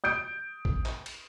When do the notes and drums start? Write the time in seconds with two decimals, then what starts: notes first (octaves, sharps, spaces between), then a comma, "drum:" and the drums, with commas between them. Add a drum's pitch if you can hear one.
0.04 D#6 G6 D7
0.65 drum: kick A#1
0.86 drum: clap
1.06 drum: cymbal